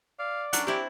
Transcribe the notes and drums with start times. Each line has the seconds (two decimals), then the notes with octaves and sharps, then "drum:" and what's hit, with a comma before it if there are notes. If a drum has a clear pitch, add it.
0.19 D5 F5
0.53 F#3 C#4 D4 F#5, drum: hi-hat
0.67 C4 E4 G4